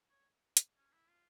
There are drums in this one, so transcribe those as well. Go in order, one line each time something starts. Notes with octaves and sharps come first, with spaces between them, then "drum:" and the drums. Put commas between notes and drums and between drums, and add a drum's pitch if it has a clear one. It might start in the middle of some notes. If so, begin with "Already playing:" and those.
C#5
drum: hi-hat
C#4
E4
F4